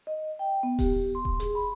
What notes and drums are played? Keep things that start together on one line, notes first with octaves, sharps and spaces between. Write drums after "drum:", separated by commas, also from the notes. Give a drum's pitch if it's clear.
D#5
G5
B3
G4, drum: kick D#1, open hi-hat
C6
drum: kick D#1
G#4, drum: hi-hat
B5